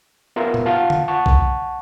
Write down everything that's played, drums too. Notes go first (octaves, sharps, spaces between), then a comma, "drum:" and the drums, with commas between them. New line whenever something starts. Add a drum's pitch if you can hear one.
B3 F4 A#4 E5
drum: tom A#2
F4 F5 F#5 A5
drum: tom D3
F#5 A5 C#6
drum: kick B1